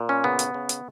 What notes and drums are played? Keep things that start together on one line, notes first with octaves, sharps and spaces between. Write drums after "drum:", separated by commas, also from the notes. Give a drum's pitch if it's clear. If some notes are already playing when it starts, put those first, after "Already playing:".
Already playing: A#2
C#4
C#3 B3
drum: hi-hat
C#3
drum: hi-hat